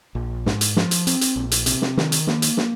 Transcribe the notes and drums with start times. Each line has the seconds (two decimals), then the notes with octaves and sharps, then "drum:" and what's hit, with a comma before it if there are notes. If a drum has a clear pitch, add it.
0.15 A#1
0.46 G#2, drum: snare
0.61 drum: hi-hat
0.77 F3, drum: snare
0.91 drum: hi-hat
1.07 C4, drum: hi-hat
1.21 drum: hi-hat
1.36 A#1
1.52 drum: hi-hat
1.66 C3, drum: hi-hat
1.82 drum: snare
1.97 D#3, drum: snare
2.12 drum: hi-hat
2.27 A#3, drum: snare
2.42 drum: hi-hat
2.57 drum: snare